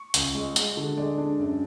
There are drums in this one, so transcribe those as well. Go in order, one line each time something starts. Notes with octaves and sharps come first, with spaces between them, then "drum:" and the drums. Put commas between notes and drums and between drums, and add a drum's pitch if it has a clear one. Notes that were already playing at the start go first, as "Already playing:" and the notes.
Already playing: C#6
C#2, drum: hi-hat
G#3
G#3, drum: hi-hat
D3
G#3 D5
D4
F#2